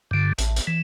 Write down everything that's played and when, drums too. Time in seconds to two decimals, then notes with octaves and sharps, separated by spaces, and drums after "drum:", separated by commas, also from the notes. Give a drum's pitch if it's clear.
0.11 G2 D3
0.38 A1, drum: hi-hat
0.56 drum: hi-hat
0.67 E3